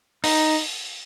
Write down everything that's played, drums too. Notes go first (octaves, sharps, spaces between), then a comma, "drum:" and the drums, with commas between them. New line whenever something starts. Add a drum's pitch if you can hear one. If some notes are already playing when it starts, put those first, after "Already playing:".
D#4, drum: open hi-hat